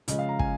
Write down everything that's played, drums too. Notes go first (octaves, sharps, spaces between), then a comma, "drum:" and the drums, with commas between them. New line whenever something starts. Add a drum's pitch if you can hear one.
C#3 F3 G#3 D#5, drum: hi-hat
F5
A#5
G#5, drum: kick